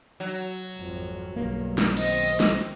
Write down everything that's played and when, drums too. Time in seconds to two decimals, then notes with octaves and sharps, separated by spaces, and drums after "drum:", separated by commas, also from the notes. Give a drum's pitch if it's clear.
0.20 F#3
0.77 G#1 F2
1.36 B1 G2 A#3
1.78 drum: snare
1.97 D#3 C4 D#5, drum: cymbal
2.40 drum: snare